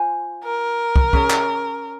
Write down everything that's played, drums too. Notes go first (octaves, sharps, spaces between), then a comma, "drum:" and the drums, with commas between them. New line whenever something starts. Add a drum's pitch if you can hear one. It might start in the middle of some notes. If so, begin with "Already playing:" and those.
Already playing: F4 C5 G#5
A#4
drum: kick
C#4 G#4 C#5, drum: kick
drum: clap